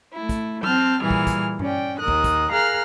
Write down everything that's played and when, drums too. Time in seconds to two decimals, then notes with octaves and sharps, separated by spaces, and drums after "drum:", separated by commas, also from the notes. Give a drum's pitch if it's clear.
0.13 A3 E4
0.29 drum: kick, hi-hat
0.63 C4 A5 F6 G6, drum: tom F#3
1.00 A#2 E3 G3 G#4 F6
1.11 drum: kick
1.27 drum: kick, hi-hat
1.59 C#4 D5 G5, drum: tom G2
1.99 D#2 A#4 D#6 F#6
2.08 drum: kick
2.24 drum: kick, hi-hat
2.49 G#4 A#4 F5 A#5 F6 F#6